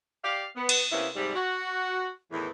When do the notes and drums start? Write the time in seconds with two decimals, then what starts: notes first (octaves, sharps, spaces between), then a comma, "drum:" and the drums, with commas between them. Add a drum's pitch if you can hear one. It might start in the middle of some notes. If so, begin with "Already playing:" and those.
0.24 G4 D5 F5
0.56 B3
0.69 drum: cymbal
0.92 C3 A#3 B3 C#4 E4
1.15 G#2 C3 G3
1.35 F#4
2.32 E2 A2 D#3 E3